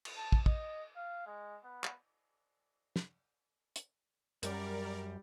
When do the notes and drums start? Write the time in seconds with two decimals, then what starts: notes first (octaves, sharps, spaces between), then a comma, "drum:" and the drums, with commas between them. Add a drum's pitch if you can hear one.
0.05 drum: cymbal
0.17 A5
0.32 drum: kick
0.46 D#5, drum: kick
0.96 F5
1.26 G#3
1.64 B3
1.84 drum: clap
2.96 drum: snare
3.76 drum: hi-hat
4.43 F#2 G3 A#4 D5, drum: hi-hat